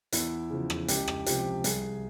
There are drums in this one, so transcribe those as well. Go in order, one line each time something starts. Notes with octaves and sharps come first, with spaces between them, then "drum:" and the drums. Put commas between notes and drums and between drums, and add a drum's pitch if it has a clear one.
E2 E4, drum: hi-hat
C#3 F3
drum: rim click
C#2 G4, drum: hi-hat
drum: rim click
C3 F3 G4, drum: hi-hat
C2 G#4, drum: hi-hat